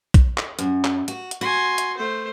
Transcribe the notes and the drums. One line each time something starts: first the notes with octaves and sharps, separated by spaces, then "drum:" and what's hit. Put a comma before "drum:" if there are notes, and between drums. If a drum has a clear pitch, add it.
drum: kick, hi-hat
drum: clap
F#2, drum: hi-hat
drum: clap
F#4, drum: hi-hat
drum: hi-hat
F#4 G#5 C6
drum: hi-hat
A3 C5